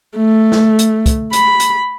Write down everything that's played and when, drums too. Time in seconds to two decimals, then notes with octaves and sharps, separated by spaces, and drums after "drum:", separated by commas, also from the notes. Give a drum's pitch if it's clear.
0.17 A3
0.52 drum: snare
0.79 drum: hi-hat
1.06 drum: kick, hi-hat
1.33 B5, drum: hi-hat
1.60 drum: hi-hat